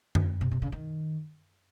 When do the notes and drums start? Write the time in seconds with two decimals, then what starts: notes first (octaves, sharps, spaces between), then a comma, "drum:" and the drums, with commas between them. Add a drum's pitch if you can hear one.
0.15 drum: tom F#2
0.41 C3
0.51 C3
0.62 C#3
0.72 D#3